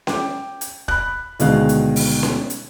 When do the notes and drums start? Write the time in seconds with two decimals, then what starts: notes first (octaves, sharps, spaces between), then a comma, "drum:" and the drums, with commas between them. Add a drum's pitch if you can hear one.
0.07 G5 D6, drum: snare C#4
0.61 drum: hi-hat
0.88 B5 F#6, drum: kick
1.40 D2 B2 D#3 G#3 F5 F#6, drum: hi-hat
1.69 drum: hi-hat
1.96 drum: open hi-hat
2.23 drum: snare C#4
2.50 drum: hi-hat